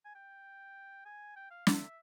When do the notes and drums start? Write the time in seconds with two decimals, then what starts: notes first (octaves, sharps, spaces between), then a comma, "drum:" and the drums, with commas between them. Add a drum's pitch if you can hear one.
0.05 G#5
0.15 G5
1.06 G#5
1.36 G5
1.51 F5
1.67 E5, drum: snare